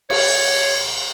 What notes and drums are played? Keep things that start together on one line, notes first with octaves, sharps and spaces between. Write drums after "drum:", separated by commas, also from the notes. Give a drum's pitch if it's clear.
C#5, drum: cymbal